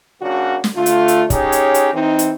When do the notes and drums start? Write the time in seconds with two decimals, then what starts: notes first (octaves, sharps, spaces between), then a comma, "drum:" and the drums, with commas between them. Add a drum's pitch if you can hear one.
0.21 C#3 F#3 A#3 D4 F#4
0.64 drum: snare
0.76 D3 A3 F4
0.86 drum: hi-hat
1.08 drum: hi-hat
1.30 C#4 D#4 G4 G#4 C#5, drum: kick, hi-hat
1.52 drum: hi-hat
1.74 drum: hi-hat
1.93 E3 C4 D#4
2.19 drum: hi-hat